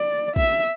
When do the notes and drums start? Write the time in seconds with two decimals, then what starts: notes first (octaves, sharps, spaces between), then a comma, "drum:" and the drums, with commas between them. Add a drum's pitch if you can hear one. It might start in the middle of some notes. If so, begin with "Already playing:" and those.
Already playing: D5
0.36 E5, drum: kick